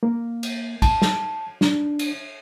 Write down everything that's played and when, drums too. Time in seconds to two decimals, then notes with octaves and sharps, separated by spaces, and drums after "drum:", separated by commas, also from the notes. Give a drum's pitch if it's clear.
0.03 A#3
0.43 drum: cymbal
0.82 A5, drum: kick, cymbal
1.02 drum: snare
1.61 D4, drum: snare
1.99 drum: cymbal